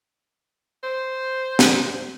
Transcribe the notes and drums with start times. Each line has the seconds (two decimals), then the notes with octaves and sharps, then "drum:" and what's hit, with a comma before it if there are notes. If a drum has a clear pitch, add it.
0.83 C5
1.59 drum: snare